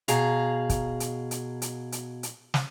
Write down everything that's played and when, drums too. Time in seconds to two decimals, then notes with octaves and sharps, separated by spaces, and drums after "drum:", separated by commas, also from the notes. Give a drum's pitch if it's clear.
0.08 B2 G#4 F5 A#5, drum: hi-hat
0.69 drum: kick, hi-hat
1.00 drum: hi-hat
1.31 drum: hi-hat
1.62 drum: hi-hat
1.92 drum: hi-hat
2.23 drum: hi-hat
2.54 drum: snare